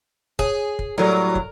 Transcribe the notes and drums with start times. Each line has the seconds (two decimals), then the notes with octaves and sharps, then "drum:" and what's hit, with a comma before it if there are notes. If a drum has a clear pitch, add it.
0.39 G#4 C#5, drum: kick
0.79 drum: kick
0.98 A2 F#3 G3 A4 A#4 D5
1.35 drum: kick